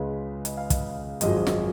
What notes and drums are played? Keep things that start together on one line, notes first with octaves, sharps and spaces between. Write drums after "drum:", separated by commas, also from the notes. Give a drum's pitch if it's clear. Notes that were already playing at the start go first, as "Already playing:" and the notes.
Already playing: C#2 C#3 G#3 B4
D#5, drum: hi-hat
F5
D#5, drum: kick, hi-hat
G#1 F#2 F3 G#3 D#5, drum: hi-hat
drum: snare